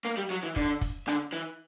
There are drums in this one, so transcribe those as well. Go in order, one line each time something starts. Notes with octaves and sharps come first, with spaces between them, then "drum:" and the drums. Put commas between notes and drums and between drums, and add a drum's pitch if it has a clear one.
A#3, drum: hi-hat
G3
F#3
E3
D3, drum: kick, hi-hat
drum: kick, hi-hat
D3, drum: rim click
E3, drum: hi-hat